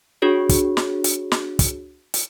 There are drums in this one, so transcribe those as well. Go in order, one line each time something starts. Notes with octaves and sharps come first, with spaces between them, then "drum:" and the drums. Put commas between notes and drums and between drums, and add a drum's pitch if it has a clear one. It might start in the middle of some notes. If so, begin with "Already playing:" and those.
D4 F#4 G#4 C#5
drum: kick, hi-hat
drum: snare
drum: hi-hat
drum: snare
drum: kick, hi-hat
drum: hi-hat